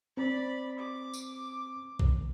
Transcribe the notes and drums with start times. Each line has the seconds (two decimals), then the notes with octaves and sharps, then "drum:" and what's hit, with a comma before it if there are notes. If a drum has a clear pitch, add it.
0.17 C4 D5 B5
0.79 D6
1.14 drum: tambourine
1.99 drum: kick B1